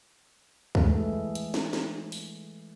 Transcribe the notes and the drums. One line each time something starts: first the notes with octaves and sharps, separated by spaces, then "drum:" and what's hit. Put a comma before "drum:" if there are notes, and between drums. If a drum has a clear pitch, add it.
E3 G#3 A3, drum: kick
drum: hi-hat
drum: snare
drum: snare
drum: open hi-hat